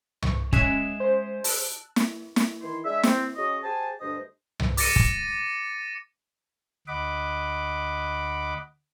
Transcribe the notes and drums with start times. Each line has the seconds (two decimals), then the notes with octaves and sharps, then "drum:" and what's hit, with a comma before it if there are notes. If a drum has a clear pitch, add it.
0.23 C#6, drum: tom C2
0.53 G#3 C#4 G#4 E5 F#6 G#6, drum: kick
1.00 C5
1.44 A5 E6 F#6, drum: open hi-hat
1.96 drum: snare
2.36 drum: snare
2.62 D#3 E3 E4 C6
2.84 G#3 D4 G#4 E5
3.03 C4, drum: snare
3.36 C#3 F#4 D#5
3.63 G4 G#4 C5 G#5 A5
4.01 D2 G2 D4 C5 D#5 D#6
4.60 drum: tom C2
4.77 D6 A6 A#6 C#7 D#7, drum: open hi-hat
4.96 drum: kick
6.88 D2 D#5 F#5 B5 D6